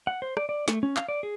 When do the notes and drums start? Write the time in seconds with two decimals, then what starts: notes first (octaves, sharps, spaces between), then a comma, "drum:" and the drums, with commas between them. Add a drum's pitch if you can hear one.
0.07 F#5
0.22 C5
0.37 D5, drum: rim click
0.49 D5
0.68 A3, drum: snare
0.83 C#4
0.97 F5, drum: clap
1.08 D5
1.23 G#4